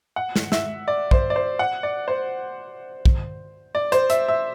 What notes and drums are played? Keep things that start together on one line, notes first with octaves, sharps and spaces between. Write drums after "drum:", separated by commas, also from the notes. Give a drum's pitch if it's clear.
F#5
drum: snare
E5, drum: snare
D5
C5, drum: kick
D5
C5
F#5
D5
C5
drum: kick
D5
C5, drum: hi-hat
E5, drum: hi-hat
E5